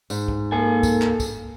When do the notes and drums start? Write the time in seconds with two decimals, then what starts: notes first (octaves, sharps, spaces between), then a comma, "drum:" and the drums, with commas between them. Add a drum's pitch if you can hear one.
0.10 G#2, drum: tambourine
0.28 drum: kick
0.52 A#3 A4 G#5
0.83 drum: kick, tambourine
1.01 drum: clap
1.20 drum: kick, tambourine